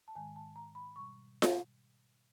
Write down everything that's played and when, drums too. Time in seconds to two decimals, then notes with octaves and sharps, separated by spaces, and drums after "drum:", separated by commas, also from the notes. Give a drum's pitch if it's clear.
0.08 A5
0.15 G#2 D#3 G#3 G#5
0.36 A5
0.56 A#5
0.75 B5
0.96 B2 G3 C#6
1.42 drum: snare F4